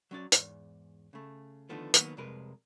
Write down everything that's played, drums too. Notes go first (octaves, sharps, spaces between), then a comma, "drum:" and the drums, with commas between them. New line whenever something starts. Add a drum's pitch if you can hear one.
F#3 C#4 D5
E2 G#2, drum: hi-hat
C#3 A3
D3 D#3 F3 A3 B3
D#3 F#3 A#3 B3, drum: hi-hat
C2 F2 C3 G#3 A#4 B4